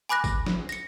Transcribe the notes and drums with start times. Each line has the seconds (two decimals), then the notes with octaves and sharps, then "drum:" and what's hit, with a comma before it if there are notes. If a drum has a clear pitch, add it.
0.09 G#5 B5 D6 F#6 A#6
0.24 drum: kick G#1, tambourine
0.46 drum: snare
0.69 A#6 C#7, drum: tambourine